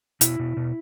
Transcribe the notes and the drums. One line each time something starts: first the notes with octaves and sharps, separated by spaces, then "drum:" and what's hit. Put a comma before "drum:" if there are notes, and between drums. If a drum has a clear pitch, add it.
B2 E4, drum: hi-hat
B2
B2